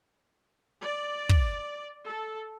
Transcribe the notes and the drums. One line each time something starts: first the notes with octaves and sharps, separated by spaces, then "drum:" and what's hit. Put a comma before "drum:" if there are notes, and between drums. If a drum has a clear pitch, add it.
D5
drum: kick
A4